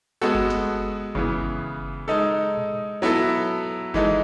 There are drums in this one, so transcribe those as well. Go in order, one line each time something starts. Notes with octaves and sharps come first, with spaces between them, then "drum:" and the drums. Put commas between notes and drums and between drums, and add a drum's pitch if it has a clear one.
G#3 B3 F#4 A4
drum: kick G1
drum: snare
C#3 E3 B3, drum: kick G1
drum: kick G1
G#3 D#4 A4
drum: tom A#2
F#3 B3 E4 A4
E3 G#3 D#4 A4, drum: kick G1